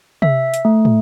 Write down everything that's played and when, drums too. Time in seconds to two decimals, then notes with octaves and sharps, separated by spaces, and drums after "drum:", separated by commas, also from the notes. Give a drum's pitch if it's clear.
0.22 E5, drum: tom C3
0.54 drum: hi-hat
0.65 A3
0.85 drum: tom